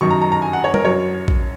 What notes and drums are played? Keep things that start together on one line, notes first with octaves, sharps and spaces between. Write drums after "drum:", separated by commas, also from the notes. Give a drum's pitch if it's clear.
F#2 D#3 F#3 C#6
A#5
A#5
A#5
G#5
F#5
C#5
A#4, drum: tom
F#2 F#3 C#5
drum: kick